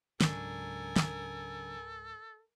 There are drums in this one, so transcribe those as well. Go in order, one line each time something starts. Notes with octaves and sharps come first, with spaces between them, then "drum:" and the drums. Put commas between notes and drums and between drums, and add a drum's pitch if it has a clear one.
C#2 G#2 C#3 F#3 D4 A4 A#4 G#5, drum: snare
drum: snare